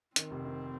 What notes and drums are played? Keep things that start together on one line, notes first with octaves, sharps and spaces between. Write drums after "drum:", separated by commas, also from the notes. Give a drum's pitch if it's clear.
D#3 C4, drum: hi-hat
F1
D#3